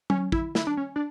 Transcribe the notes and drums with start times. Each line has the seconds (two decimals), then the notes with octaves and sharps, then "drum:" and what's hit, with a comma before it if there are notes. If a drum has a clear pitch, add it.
0.10 C#4, drum: tom F#3
0.32 E4, drum: kick
0.55 E4, drum: snare
0.67 D4
0.77 C#4
0.96 D4